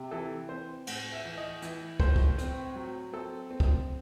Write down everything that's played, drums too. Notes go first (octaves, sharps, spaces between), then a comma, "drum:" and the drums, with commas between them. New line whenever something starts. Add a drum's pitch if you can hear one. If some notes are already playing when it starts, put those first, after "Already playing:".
Already playing: C3
E3 A4
C4 C5
A2 F#5, drum: cymbal
E5
E3
D#5
E3, drum: hi-hat
A2 C5, drum: kick
drum: kick
C4, drum: hi-hat
F#3
C4 A4
C4
drum: kick